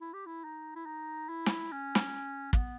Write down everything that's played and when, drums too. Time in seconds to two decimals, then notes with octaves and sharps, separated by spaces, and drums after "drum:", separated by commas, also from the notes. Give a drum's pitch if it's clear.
0.01 E4
0.13 G4
0.26 E4
0.44 D#4
0.76 E4
0.86 D#4
1.29 E4
1.46 drum: snare
1.72 C#4
1.95 drum: snare
2.53 A#3, drum: kick
2.57 B3